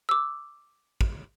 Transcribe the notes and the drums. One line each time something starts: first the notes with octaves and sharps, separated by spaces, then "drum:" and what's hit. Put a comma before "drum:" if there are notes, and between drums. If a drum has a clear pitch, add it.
D6 E6
drum: kick